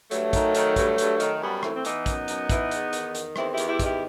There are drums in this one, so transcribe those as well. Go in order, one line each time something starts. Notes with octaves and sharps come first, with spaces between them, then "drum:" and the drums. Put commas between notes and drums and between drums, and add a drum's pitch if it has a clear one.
G2 F#3 A3, drum: hi-hat
D#3, drum: kick, hi-hat
D#3, drum: hi-hat
G2, drum: kick, hi-hat
G2, drum: hi-hat
D#3, drum: hi-hat
F#2 G3 B3
E3 A3 C4, drum: rim click
C4
E3 B3 D#4, drum: hi-hat
F#2, drum: kick, hi-hat
F#2, drum: hi-hat
E3, drum: kick, hi-hat
E2, drum: hi-hat
D#3, drum: hi-hat
D#3, drum: hi-hat
E2 C4 E4, drum: rim click
E4 G4
E2, drum: hi-hat
E4 G4
D#3, drum: kick, hi-hat
E4 G4